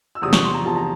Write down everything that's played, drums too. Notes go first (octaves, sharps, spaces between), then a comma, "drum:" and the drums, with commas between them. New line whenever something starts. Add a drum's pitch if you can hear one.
E6
E2 C3 F3 D#6
C#6, drum: snare
C6
A#5
E2 C3 F3 A5
A#5